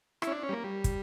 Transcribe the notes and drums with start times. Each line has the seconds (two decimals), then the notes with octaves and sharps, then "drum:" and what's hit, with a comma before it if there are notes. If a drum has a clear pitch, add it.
0.22 E4, drum: rim click
0.27 C#4
0.32 D4
0.43 C#4
0.49 G3
0.53 A#3
0.64 G3
0.84 drum: kick, hi-hat